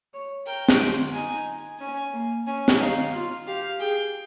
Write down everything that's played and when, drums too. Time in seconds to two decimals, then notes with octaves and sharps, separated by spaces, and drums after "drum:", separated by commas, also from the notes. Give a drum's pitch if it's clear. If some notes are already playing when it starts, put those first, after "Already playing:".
0.14 C#5
0.47 A#4 G5
0.68 drum: snare
0.80 F4
1.14 D#4 G#5
1.80 C#4 G#5
2.13 A#3
2.47 C#4 G#5
2.68 drum: snare
2.80 D#4 F5
3.14 F4
3.47 G4 F5
3.80 G#4 G5